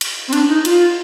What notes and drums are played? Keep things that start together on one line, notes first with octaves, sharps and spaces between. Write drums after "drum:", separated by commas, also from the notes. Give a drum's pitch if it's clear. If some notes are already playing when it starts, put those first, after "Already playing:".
drum: cymbal
C4
D4, drum: cymbal
D#4
F4, drum: cymbal